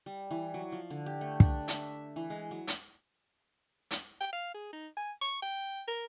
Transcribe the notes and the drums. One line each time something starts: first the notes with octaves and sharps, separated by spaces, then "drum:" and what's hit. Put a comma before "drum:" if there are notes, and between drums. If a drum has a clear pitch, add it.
G3
E3
F#3
F3
D3
G4
A3
D4, drum: kick
E5, drum: hi-hat
E3
G#3
F#3
drum: hi-hat
drum: hi-hat
G5
F5
G#4
D#4
G#5
C#6
G5
A#4